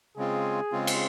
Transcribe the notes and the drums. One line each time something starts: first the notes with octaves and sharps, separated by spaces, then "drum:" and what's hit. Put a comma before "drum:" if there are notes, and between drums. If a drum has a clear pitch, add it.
C#3 G#3 C4 F4 G#4
C#3 G#3 C4 F4
drum: cymbal